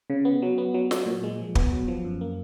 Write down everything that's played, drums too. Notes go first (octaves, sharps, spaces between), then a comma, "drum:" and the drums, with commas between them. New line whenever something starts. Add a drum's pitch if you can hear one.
C#3
B3
F#3
B3
F#3
F#3, drum: snare
A#2
G#3
F3
B3, drum: kick
F#3
F3
F#2
A#3